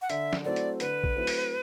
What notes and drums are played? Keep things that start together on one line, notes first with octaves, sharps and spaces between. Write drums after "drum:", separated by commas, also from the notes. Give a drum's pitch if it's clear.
F#5
D3 E5, drum: hi-hat
drum: snare
F#3 A3 C4 E4 D5
drum: hi-hat
D3 B4, drum: hi-hat
drum: kick
F#3 A3 C4 E4
drum: open hi-hat